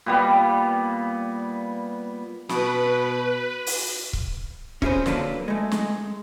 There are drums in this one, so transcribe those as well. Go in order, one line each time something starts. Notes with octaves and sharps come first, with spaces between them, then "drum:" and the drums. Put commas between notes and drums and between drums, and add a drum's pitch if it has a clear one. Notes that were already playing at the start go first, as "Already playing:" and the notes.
A#2 G3 B3
B2 B4, drum: snare
drum: open hi-hat
drum: kick
C#4 E4 G#4 A4 B4 C5, drum: kick
D3 F#3 A#3 D4 A4 B4, drum: snare
G#3 A3
G#3, drum: snare